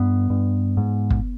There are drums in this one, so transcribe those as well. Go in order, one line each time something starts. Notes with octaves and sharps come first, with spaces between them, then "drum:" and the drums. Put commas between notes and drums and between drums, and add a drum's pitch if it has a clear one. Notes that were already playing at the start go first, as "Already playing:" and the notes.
Already playing: G2 B3
G2
G#2
drum: kick